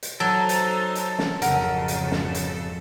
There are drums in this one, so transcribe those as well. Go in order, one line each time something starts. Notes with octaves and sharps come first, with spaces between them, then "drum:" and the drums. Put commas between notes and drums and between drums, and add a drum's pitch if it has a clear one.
drum: hi-hat
F#3 D#4 A4 C5
drum: hi-hat
drum: hi-hat
drum: snare
G#1 F2 C#3 A#4 F#5, drum: hi-hat
drum: hi-hat
drum: snare
drum: hi-hat